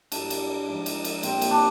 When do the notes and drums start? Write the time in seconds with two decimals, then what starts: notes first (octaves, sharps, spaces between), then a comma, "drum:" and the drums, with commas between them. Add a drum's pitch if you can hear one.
0.12 G2 D3 F#3 D4, drum: cymbal
0.30 drum: cymbal
0.67 G#2 F3
0.86 drum: cymbal
1.05 drum: cymbal
1.23 A#2 G3 C4, drum: cymbal
1.42 drum: cymbal
1.51 D4